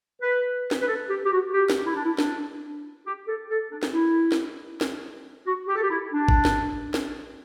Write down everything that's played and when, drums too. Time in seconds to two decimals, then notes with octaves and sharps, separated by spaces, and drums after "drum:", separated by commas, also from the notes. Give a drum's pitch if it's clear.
0.22 B4
0.71 drum: snare
0.81 B4
0.88 A4
1.09 G4
1.25 G4
1.32 F#4
1.53 G4
1.70 drum: snare
1.86 E4
1.95 D4
2.04 E4
2.18 D4, drum: snare
3.06 G4
3.28 A4
3.50 A4
3.71 D4
3.83 drum: snare
3.93 E4
4.32 drum: snare
4.81 drum: snare
5.46 F#4
5.68 G4
5.75 A4
5.83 G4
5.90 E4
6.12 D4
6.28 drum: kick
6.45 drum: snare
6.94 drum: snare